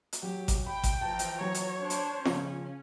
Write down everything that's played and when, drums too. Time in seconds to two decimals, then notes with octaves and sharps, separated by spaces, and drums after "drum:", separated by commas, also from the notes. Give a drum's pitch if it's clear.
0.13 drum: hi-hat
0.23 F#3 G4
0.48 drum: kick G#1, hi-hat
0.66 G5 B5
0.83 drum: kick G#1, hi-hat
1.01 E3 F3 A5 A#5
1.19 drum: hi-hat
1.41 F#3 C#5
1.54 drum: hi-hat
1.79 D4 C5
1.90 drum: hi-hat
2.25 C#3 F3 C#4, drum: snare